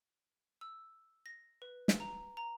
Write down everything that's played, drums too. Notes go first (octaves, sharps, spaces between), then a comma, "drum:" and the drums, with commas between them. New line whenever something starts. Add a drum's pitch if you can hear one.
E6
A#6
B4
drum: snare
A#5
A#5